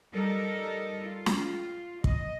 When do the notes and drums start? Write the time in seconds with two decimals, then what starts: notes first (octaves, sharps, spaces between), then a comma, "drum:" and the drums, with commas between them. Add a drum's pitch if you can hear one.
0.13 G3 D#4 A4 A#4
1.06 F4
1.26 drum: snare
2.04 D#5, drum: kick